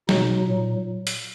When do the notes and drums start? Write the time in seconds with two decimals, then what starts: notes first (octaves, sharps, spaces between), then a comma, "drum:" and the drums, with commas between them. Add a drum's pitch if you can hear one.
0.09 B2 F#3 D#4, drum: snare
0.46 A#2 F#3
1.07 drum: hi-hat